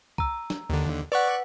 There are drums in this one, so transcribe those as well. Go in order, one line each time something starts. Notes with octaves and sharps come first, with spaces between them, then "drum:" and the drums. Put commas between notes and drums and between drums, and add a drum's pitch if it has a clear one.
A#5 E6, drum: kick
drum: snare
D#2 D3
B4 D5 F#5 C#6 F#6